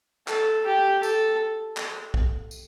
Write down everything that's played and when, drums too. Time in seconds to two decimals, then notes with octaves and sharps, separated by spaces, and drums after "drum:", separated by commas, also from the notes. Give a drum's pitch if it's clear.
0.28 A4, drum: clap
0.66 G4
1.03 A4, drum: tambourine
1.77 drum: clap
2.14 drum: kick
2.51 drum: tambourine